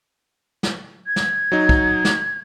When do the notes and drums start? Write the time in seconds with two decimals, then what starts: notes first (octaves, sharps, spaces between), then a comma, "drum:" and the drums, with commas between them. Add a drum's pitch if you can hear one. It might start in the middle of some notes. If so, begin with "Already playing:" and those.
0.63 drum: snare
1.07 G#6
1.16 drum: snare
1.52 F#3 D#4
1.69 drum: kick
2.05 drum: snare